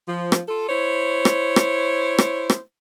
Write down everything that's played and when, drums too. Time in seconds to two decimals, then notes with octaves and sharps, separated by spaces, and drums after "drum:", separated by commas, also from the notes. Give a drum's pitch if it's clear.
0.07 F3
0.32 drum: rim click
0.47 F4 A4
0.68 E4 C5 C#5
1.25 drum: rim click
1.56 drum: rim click
2.18 drum: rim click
2.50 drum: rim click